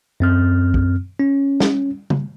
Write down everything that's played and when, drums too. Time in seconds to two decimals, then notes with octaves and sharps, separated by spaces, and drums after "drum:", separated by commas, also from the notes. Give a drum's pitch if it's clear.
0.20 F#2 C4 F6
0.74 drum: kick
1.20 C#4
1.60 drum: snare
2.10 drum: tom C#3